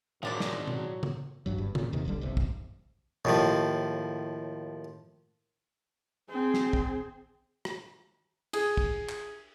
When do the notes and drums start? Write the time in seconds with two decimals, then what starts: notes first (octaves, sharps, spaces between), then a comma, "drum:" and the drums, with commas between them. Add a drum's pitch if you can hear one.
0.23 F#2 A2 D#3 F3 G#3 C4 D4 D5
0.40 drum: snare
0.68 F#3, drum: tom B2
1.03 drum: tom C#3
1.46 G#1 G2 F#3
1.58 G1 G2
1.75 A#2 C#3, drum: tom C#3
1.93 D#2 C3 D#3
2.05 D#1 B1 D3 G3
2.21 F#1 B1 C3
2.37 drum: kick
3.25 D#2 A2 F3, drum: tom B2
6.30 C4 G#4
6.54 drum: snare
6.73 drum: kick
7.65 drum: rim click
8.53 G#4, drum: cymbal
8.77 drum: kick
9.09 drum: clap